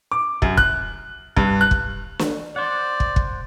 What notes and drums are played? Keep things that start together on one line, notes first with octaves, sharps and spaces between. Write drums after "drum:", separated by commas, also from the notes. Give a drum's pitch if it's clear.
D6
F#2, drum: kick
F#6, drum: kick
G2, drum: kick
F#6
drum: kick
drum: snare
C5 D5 F#5
drum: kick
drum: kick